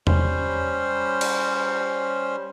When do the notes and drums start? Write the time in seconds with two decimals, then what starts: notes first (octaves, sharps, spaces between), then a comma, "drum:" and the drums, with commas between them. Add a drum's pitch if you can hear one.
0.07 G3 C#4 C5, drum: tom E2
1.21 drum: cymbal